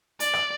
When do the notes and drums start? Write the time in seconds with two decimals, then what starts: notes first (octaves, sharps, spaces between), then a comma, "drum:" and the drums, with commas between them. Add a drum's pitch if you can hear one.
0.20 D5, drum: hi-hat
0.33 drum: rim click